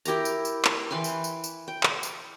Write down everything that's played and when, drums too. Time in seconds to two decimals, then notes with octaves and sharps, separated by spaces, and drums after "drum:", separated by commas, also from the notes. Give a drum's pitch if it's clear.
0.05 E4 G4 A#4 A#5, drum: tambourine
0.25 drum: tambourine
0.45 drum: tambourine
0.65 drum: clap
0.91 E3 B4 G5 C6
1.04 drum: tambourine
1.24 drum: tambourine
1.44 drum: tambourine
1.68 G5
1.83 drum: clap
2.03 drum: tambourine